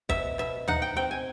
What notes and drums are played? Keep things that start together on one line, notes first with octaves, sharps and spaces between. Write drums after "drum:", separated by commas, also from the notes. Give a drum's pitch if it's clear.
B2 E5, drum: kick
B2 E5
D#4 F#5, drum: tom D2
G5
C4 G5
G#5